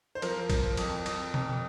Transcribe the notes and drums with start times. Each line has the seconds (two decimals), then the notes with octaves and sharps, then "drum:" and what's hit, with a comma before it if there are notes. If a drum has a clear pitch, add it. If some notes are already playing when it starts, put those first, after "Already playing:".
0.15 C5
0.22 F3 A#4, drum: cymbal
0.50 F3, drum: kick A#1, cymbal
0.77 F2, drum: cymbal
1.06 F2, drum: cymbal
1.34 F2, drum: tom B2